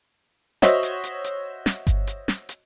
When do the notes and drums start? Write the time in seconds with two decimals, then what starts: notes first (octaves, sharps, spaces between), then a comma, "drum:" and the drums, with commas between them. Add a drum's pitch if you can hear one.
0.62 F#4 C5 C#5 D#5 E5, drum: snare
0.83 drum: hi-hat
1.04 drum: hi-hat
1.24 drum: hi-hat
1.66 drum: snare
1.87 drum: kick G1, hi-hat
2.07 drum: hi-hat
2.28 drum: snare
2.49 drum: hi-hat